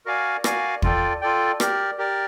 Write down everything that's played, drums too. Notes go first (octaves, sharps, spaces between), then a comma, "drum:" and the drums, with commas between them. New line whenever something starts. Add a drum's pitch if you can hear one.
F#4 A#4 D5 F5 G#5
F#4 A#4 D5 F5 G#5, drum: rim click
F4 A4 D5 G5, drum: kick
F4 A4 D5 G5
G4 A#4 D5, drum: rim click
G4 A#4 D5